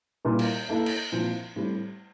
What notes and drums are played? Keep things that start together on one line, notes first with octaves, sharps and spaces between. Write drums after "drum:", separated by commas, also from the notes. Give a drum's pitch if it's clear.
A#2 G3 A#3 E4 A#4
drum: cymbal
A#3 E4 A4 E5
drum: cymbal
A#2 F3 C4 E4
A2 G3 C4